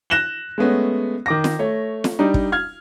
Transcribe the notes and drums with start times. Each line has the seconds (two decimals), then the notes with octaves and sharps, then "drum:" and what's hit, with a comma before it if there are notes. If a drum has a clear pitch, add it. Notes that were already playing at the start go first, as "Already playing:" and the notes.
0.10 F#6 A#6 E7 F#7 G7
0.58 G#3 A3 B3 C#4
1.26 D#3 D6 A#6
1.44 drum: snare
1.59 A3 C#5
2.04 drum: snare
2.19 G3 D4 D#4
2.34 drum: kick
2.52 F6 G#6